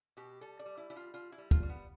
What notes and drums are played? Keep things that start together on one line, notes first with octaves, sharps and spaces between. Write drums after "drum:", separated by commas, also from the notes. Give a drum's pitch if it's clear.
B2 G4
G3 A4
D5
G3
E4
G3 E4
F4
G3 F4
E4
G3
F4, drum: kick
G3
B3